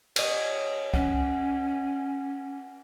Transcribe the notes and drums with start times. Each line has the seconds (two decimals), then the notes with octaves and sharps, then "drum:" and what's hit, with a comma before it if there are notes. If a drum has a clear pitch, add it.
0.16 C#5 D#5, drum: cymbal
0.94 C#4 F#5, drum: kick C2